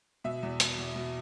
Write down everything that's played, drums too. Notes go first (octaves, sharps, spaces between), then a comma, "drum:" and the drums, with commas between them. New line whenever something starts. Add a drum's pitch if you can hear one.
B2 E5
E2
B2, drum: hi-hat
E2
B2